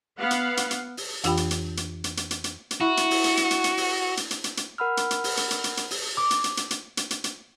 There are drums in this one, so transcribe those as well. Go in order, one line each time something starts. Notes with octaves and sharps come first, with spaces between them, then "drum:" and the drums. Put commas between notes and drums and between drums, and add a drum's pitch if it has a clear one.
B3 F5 F#5
drum: hi-hat
drum: hi-hat
drum: hi-hat
drum: open hi-hat
F2 E3 F4 G4 G5 B5, drum: hi-hat
drum: hi-hat
drum: hi-hat
drum: hi-hat
drum: hi-hat
drum: hi-hat
drum: hi-hat
drum: hi-hat
drum: hi-hat
E4 F#4
drum: hi-hat
drum: open hi-hat
drum: hi-hat
drum: hi-hat
drum: hi-hat
drum: hi-hat
drum: open hi-hat
drum: hi-hat
drum: hi-hat
drum: hi-hat
drum: hi-hat
A#4 F#5 B5 E6 F6
drum: hi-hat
drum: hi-hat
drum: open hi-hat
drum: hi-hat
drum: hi-hat
drum: hi-hat
drum: hi-hat
drum: open hi-hat
D6
drum: hi-hat
drum: hi-hat
drum: hi-hat
drum: hi-hat
drum: hi-hat
drum: hi-hat
drum: hi-hat